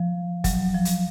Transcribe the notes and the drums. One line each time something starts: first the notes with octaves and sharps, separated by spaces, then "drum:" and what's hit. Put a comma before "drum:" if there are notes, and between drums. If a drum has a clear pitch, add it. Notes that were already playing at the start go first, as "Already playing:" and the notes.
Already playing: F3
F#3, drum: kick F#1, hi-hat
F3
drum: hi-hat